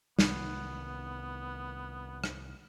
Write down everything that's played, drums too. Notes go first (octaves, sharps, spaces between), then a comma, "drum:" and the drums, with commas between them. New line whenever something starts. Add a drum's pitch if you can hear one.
C2 D#3 B3, drum: snare
drum: rim click